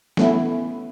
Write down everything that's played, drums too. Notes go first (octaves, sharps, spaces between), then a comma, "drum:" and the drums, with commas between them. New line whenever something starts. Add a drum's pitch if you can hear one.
E3 A3 B3 C#4 E4, drum: snare